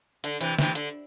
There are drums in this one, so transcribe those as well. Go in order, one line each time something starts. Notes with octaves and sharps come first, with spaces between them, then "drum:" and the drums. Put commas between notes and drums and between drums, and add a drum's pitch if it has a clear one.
D3, drum: hi-hat
C3 E3, drum: hi-hat
C3 E3, drum: snare
D3, drum: hi-hat